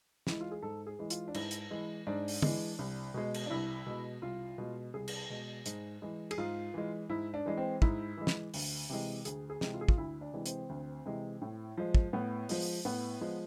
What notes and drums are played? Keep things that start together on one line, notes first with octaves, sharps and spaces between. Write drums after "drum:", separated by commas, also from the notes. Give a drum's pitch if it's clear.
E3 G#3 E4, drum: snare
F4
G#4
G#2 A4
G#4
E3 G#3
F4, drum: hi-hat
D4
G#2 E4, drum: cymbal
drum: hi-hat
E3 G#3
G#2 D4
drum: open hi-hat
E3 G#3, drum: tom
C2
B2 G#3
drum: cymbal
D4
C2 E4
B2 G#3
C2 F4
B2 G#3
C2 G#4
drum: cymbal
B2 G#3
G#2, drum: hi-hat
E3 G#3
G#4, drum: cymbal
G#2 F4
E3 G#3
G#2 E4
D4
E3 G#3
C4
G#2 E4, drum: kick
E3 G#3
drum: snare
D2, drum: open hi-hat
C3 E3 G#3
D2 G#4, drum: hi-hat
G#4
C3 E3 G#3, drum: snare
F4
G#4
F4, drum: kick
D2 E4
D4
C3 E3 G#3
C4, drum: hi-hat
D2
C3 E3 G#3
A2
F3 G#3
drum: kick
A2 B3
F3 G#3, drum: open hi-hat
A2 B3
F3 G#3